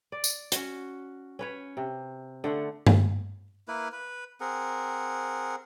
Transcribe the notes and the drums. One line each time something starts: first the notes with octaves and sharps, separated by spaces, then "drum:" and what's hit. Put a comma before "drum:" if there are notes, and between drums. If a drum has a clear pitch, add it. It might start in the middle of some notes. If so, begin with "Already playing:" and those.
D5
drum: tambourine
C#4 F#4, drum: hi-hat
C#4 B4 C#5
C3
D3 A3 F#5
drum: tom G2
A#3 E4 B4
B4
C4 G#4 A#4 F#5